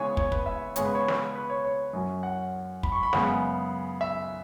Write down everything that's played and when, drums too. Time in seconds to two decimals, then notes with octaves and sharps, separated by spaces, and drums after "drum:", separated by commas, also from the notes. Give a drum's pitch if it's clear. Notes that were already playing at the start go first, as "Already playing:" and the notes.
Already playing: C#3 E3 G#3 B3 C#5 G#5
0.17 C#5, drum: kick
0.32 B4, drum: kick
0.46 E5
0.76 C#3 G#3 B3 C#5, drum: hi-hat
0.85 B4
0.95 C#5
1.08 drum: snare
1.35 B4
1.50 C#5
1.65 C#5
1.93 F#2 F#3 C#4
2.23 F#5
2.83 B5, drum: kick
2.92 C#6
3.03 B5
3.13 F#2 C#3 G#3 B3 F#5, drum: snare
4.01 E5